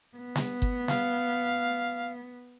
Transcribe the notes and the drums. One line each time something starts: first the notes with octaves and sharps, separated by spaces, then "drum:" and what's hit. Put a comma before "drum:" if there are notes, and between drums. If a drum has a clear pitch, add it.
B3
drum: snare
drum: kick G1
F5, drum: snare